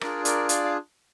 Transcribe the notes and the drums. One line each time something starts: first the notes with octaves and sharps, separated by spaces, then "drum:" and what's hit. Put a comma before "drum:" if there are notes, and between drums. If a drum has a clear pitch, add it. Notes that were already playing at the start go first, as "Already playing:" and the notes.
D4 F4 G#4 A#4 D5, drum: rim click
A#4 D5, drum: hi-hat
D5 F5, drum: hi-hat
F5